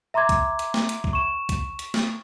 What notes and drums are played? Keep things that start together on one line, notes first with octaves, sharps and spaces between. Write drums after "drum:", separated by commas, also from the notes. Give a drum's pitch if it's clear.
E5 A#5 C6 D6 G#6
drum: kick C2, hi-hat
drum: hi-hat
drum: snare
drum: hi-hat
drum: kick C2
C#6 E7
drum: kick C2, hi-hat
drum: hi-hat
drum: snare